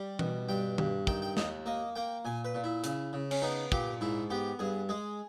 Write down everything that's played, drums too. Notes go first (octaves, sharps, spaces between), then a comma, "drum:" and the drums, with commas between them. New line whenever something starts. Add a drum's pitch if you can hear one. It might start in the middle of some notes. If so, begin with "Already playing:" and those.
Already playing: G3
B2, drum: tom E3
G2 G5
G2, drum: tom D#3
D#3 G5, drum: kick
G5
D#2 D#5, drum: snare
A#3 D#5
A#3 G5
A#2 G#5
B4
A#2
E4
C#3, drum: hi-hat
C#3
C#4, drum: cymbal
B3 D#4
A#2 G4, drum: kick
G#2 E4
B3 G4
G2 G#4
G#3 G#4